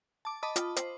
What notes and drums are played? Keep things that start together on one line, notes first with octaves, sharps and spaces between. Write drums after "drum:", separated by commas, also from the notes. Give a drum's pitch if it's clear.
A5 D6
D#5 A5 B5 D6 D#6
F4, drum: hi-hat
C5, drum: hi-hat